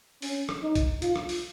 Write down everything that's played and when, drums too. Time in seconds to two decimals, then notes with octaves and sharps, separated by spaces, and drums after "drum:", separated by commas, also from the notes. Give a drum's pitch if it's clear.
0.22 C#4, drum: open hi-hat
0.49 drum: rim click
0.62 D#4
0.75 drum: kick B1, hi-hat
1.02 F4, drum: hi-hat
1.16 drum: rim click
1.29 drum: open hi-hat